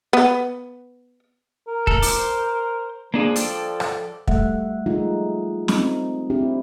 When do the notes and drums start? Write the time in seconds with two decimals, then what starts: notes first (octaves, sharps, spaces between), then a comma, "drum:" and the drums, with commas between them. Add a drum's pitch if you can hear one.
0.13 B3
1.68 A#4
1.87 A3 A4, drum: kick
2.02 C5 D6, drum: open hi-hat
3.14 F3 A#3 D4 G#4
3.36 A4 D5 G5, drum: hi-hat
3.80 drum: rim click
4.27 G3 A3 E5 F#5, drum: kick
4.86 F3 G3 G#3 D#4 F4
5.68 C4 D#4, drum: snare
6.30 C4 D4 E4 G4